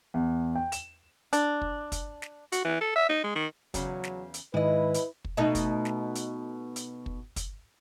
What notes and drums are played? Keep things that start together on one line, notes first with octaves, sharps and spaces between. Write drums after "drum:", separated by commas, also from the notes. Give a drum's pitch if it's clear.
E2
G5
E7, drum: hi-hat
D4, drum: hi-hat
drum: kick
drum: kick, hi-hat
drum: snare
F#4, drum: hi-hat
E3
A4
E5
D#4
G#3
D#3
E2 C#3 F#3, drum: kick, hi-hat
drum: snare
drum: hi-hat
G#2 D#3 G#3 E4 B4 D#5
drum: hi-hat
drum: kick
B2 A3 D#4
drum: kick, hi-hat
drum: snare
drum: hi-hat
drum: hi-hat
drum: kick
drum: kick, hi-hat